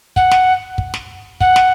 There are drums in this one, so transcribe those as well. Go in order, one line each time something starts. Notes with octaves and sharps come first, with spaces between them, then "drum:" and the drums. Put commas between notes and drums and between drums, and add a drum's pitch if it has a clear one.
F#5, drum: kick
drum: snare
drum: kick
drum: snare
F#5, drum: kick
drum: snare